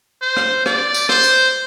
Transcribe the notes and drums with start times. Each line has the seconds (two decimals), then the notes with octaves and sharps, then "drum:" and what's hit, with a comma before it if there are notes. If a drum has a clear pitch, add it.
0.21 C5
0.37 drum: rim click
0.66 D5, drum: rim click
0.94 drum: tambourine
1.09 C5, drum: rim click
1.23 drum: tambourine